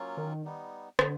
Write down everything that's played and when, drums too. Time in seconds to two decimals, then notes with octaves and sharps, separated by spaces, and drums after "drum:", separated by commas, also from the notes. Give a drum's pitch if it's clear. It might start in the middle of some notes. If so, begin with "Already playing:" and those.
Already playing: F#3 A#3 C#4 F4
0.17 D#3
0.45 G3 B3 D#4
0.99 D3 G3 B3, drum: rim click